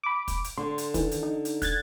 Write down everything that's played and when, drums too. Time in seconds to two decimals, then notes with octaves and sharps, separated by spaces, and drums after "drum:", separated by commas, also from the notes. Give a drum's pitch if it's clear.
0.03 B5 D6
0.28 drum: kick, hi-hat
0.44 drum: hi-hat
0.57 D3 C6
0.78 drum: hi-hat
0.94 D#3 E3, drum: kick, hi-hat
1.11 drum: hi-hat
1.23 D#4
1.45 drum: hi-hat
1.62 F#6 G#6 A6, drum: kick, hi-hat